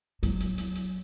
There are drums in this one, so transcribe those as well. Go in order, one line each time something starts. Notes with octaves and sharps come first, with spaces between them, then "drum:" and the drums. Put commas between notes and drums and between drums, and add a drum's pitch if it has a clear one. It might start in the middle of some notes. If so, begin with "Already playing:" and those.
F#3, drum: hi-hat
drum: hi-hat
drum: hi-hat
drum: hi-hat